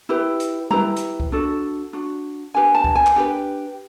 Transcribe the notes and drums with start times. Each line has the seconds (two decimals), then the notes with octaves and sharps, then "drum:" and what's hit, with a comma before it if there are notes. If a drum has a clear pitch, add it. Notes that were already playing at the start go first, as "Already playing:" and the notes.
0.09 E4 G4 B4
0.40 drum: hi-hat
0.71 E4 G4 B4 A#5, drum: tom G3
0.96 drum: hi-hat
1.20 drum: kick C2
1.32 D4 F#4 A4
1.93 D4 F#4
2.54 D4 G4 B4 G#5
2.75 A5
2.84 drum: kick C2
2.95 G#5
3.06 drum: clap
3.16 D4 G4 B4 G5